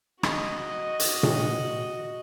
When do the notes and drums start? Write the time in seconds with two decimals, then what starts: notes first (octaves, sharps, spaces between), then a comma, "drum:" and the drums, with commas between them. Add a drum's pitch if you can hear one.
0.23 F#4 D#5, drum: rim click
1.00 drum: hi-hat
1.23 drum: tom A#2